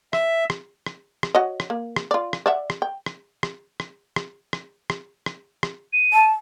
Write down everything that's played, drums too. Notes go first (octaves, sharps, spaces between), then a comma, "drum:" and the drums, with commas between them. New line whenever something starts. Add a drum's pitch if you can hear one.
E5, drum: rim click
drum: rim click
drum: rim click
drum: rim click
F#4 C#5 D#5
drum: rim click
A#3
drum: rim click
F4 D5
drum: rim click
D5 E5 F#5
drum: rim click
G5
drum: rim click
drum: rim click
drum: rim click
drum: rim click
drum: rim click
drum: rim click
drum: rim click
drum: rim click
D#7
A5